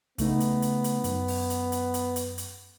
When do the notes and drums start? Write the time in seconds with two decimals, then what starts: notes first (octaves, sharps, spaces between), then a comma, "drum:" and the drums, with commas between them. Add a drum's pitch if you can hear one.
0.18 C#3 A3 B3 D#4, drum: kick, hi-hat
0.40 drum: hi-hat
0.62 drum: hi-hat
0.84 drum: hi-hat
1.04 F#2, drum: hi-hat
1.28 drum: open hi-hat
1.50 drum: hi-hat
1.72 drum: hi-hat
1.94 drum: hi-hat
2.16 drum: hi-hat
2.38 drum: hi-hat